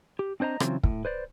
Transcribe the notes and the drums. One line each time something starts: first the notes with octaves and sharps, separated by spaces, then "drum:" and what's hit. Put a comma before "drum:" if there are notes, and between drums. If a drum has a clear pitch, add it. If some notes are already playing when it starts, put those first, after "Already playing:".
G4
C4 D4 C5 D#5 A#5
C#3 E3 F#3 C4 F4, drum: rim click
A2, drum: kick
B4 C5 D5